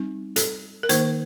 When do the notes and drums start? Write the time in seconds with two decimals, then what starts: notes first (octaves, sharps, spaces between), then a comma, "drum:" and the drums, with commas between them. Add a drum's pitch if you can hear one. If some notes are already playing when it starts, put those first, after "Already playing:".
Already playing: G3 C4 D#4
0.36 A4, drum: hi-hat
0.83 A#4
0.89 D#3 A#3 D#4 C5, drum: hi-hat